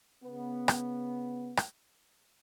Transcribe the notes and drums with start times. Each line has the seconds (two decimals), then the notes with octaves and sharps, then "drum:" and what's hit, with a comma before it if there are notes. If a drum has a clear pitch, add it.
0.23 C#3 B3
0.68 drum: rim click
1.57 drum: rim click